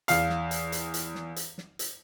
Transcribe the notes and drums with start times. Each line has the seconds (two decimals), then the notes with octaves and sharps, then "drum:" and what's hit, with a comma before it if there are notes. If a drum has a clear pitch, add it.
0.08 E2 F5, drum: hi-hat
0.29 drum: snare
0.51 drum: hi-hat
0.72 drum: hi-hat
0.94 drum: hi-hat
1.15 drum: snare
1.36 drum: hi-hat
1.58 drum: snare
1.79 drum: hi-hat